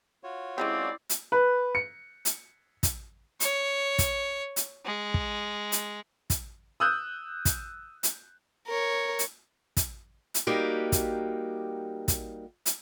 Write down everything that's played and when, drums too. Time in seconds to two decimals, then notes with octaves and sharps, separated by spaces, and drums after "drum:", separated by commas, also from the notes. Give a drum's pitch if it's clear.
0.24 F4 F#4 C#5
0.58 G#3 C4 C#4 E4 G4 D5
1.09 drum: hi-hat
1.32 B4
1.75 C#7
2.25 drum: hi-hat
2.83 drum: kick, hi-hat
3.40 C#5, drum: hi-hat
3.99 drum: kick, hi-hat
4.56 drum: hi-hat
4.85 G#3
5.14 drum: kick
5.72 drum: hi-hat
6.30 drum: kick, hi-hat
6.80 D#6 E6 F#6 G6
7.45 drum: kick, hi-hat
8.03 drum: hi-hat
8.68 A#4 C#5
9.19 drum: hi-hat
9.77 drum: kick, hi-hat
10.34 drum: hi-hat
10.47 G3 A#3 D#4 F#4 G4
10.92 drum: kick, hi-hat
12.08 drum: kick, hi-hat
12.66 drum: hi-hat